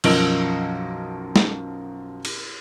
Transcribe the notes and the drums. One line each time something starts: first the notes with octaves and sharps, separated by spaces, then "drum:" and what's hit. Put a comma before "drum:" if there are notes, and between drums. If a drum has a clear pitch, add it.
B1 F#2 F3 A#4 D#5 D7, drum: cymbal
drum: snare
drum: cymbal